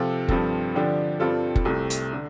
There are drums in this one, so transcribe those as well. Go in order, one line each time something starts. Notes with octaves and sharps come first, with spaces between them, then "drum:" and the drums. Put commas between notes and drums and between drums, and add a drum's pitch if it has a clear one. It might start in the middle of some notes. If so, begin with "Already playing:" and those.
Already playing: C3 F3 C4 F4 A4
G2 F3 C4 A4, drum: kick F#1
D3 F3 D4 G4
G2 G3 C4 F4 A4
drum: kick F#1
C2 C3 A3
drum: hi-hat
D3